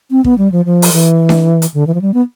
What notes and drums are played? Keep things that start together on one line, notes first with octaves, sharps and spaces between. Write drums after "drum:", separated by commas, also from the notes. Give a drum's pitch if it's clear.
C4
B3, drum: kick
G3
F3
F3
drum: open hi-hat
E3
drum: snare D4
drum: hi-hat
D3
E3
F3
G3
B3